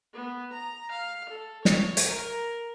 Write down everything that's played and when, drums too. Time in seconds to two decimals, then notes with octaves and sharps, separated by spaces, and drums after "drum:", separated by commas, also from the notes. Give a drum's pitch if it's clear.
0.14 B3
0.53 A#5
0.92 F5
1.30 A4
1.65 C#5, drum: snare
1.97 drum: hi-hat
2.07 A#4